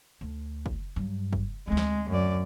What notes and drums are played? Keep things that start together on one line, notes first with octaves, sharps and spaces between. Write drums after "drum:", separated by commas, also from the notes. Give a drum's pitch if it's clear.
D2
drum: kick
G2 F#3
drum: kick
D2 G#3 C4
drum: snare
F#2 D5